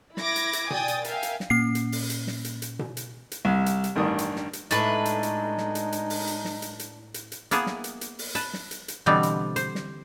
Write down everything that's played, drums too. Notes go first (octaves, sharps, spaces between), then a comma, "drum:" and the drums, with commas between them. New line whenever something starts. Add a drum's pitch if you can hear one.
E4 D6 G#6 A#6 D7, drum: snare
drum: hi-hat
drum: hi-hat
D5 G5 G#5 D#6 A6, drum: tom B2
drum: hi-hat
A#4 E5 F5 G5 G#5, drum: hi-hat
drum: hi-hat
drum: snare
A#2 A#3 C#4 C7
drum: hi-hat
drum: open hi-hat
drum: hi-hat
drum: snare
drum: hi-hat
drum: hi-hat
drum: tom B2
drum: hi-hat
drum: hi-hat
C2
drum: hi-hat
drum: hi-hat
A1 G2 D#3 D4 D#6
drum: hi-hat
drum: snare
drum: hi-hat
A2 G#3 D4 D#4 B4, drum: hi-hat
drum: hi-hat
drum: hi-hat
drum: snare
drum: hi-hat
drum: hi-hat
drum: open hi-hat
drum: hi-hat
drum: snare
drum: hi-hat
drum: hi-hat
drum: hi-hat
drum: hi-hat
A#3 B3 E4 G#4 A5, drum: hi-hat
drum: snare
drum: hi-hat
drum: hi-hat
drum: open hi-hat
B4 A5, drum: hi-hat
drum: snare
drum: hi-hat
drum: hi-hat
B2 D3 E3 G3 B3 C4
drum: hi-hat
C5, drum: hi-hat
drum: snare